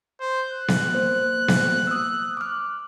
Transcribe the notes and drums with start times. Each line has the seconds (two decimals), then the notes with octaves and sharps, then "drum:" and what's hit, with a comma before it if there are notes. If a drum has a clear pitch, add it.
0.20 C5
0.51 F#6
0.68 drum: snare B3
0.94 A#3 C5
1.48 drum: snare B3
1.87 D#6 E6
2.37 D6 F6